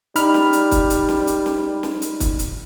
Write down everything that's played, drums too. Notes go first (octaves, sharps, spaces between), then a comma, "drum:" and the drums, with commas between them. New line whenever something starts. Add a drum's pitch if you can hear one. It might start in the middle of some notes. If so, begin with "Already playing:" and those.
G3 D#4 B5 F6, drum: hi-hat
drum: snare
drum: hi-hat
drum: kick, hi-hat
drum: hi-hat
drum: snare
drum: hi-hat
drum: snare
drum: snare
drum: hi-hat
drum: kick, hi-hat
drum: hi-hat